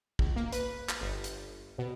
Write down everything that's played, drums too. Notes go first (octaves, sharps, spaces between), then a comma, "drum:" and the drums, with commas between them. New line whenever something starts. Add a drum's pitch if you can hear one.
C#2, drum: kick
A#3
B4, drum: hi-hat
drum: clap
G1
drum: hi-hat
B2